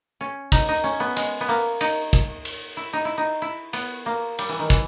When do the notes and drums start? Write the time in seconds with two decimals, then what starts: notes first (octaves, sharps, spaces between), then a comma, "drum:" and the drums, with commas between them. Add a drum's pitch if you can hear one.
0.21 C#4
0.52 D#4, drum: kick, cymbal
0.69 D#4
0.84 C#4
1.00 B3
1.16 G#3, drum: cymbal
1.41 B3
1.49 A#3
1.81 D#4, drum: cymbal
2.13 drum: kick
2.45 drum: cymbal
2.77 E4
2.93 D#4
3.05 E4
3.18 D#4
3.42 E4
3.73 B3, drum: cymbal
4.06 A#3
4.39 G3, drum: cymbal
4.49 E3
4.59 D#3
4.70 E3, drum: kick